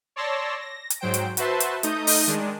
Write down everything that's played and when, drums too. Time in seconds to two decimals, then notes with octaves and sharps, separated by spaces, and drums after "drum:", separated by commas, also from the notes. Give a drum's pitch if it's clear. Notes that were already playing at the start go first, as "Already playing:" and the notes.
0.16 C#5 D5 A5 C6 E6 A#6
0.61 A#6
0.90 drum: hi-hat
1.00 G#2 F#3 C5 G5 D7
1.14 drum: hi-hat
1.37 F#4 B4 C5 E5 A5 C6, drum: hi-hat
1.60 drum: hi-hat
1.83 A3 D#4 D#5 D#6 G6, drum: hi-hat
2.07 drum: open hi-hat
2.27 D#3 G#3 D4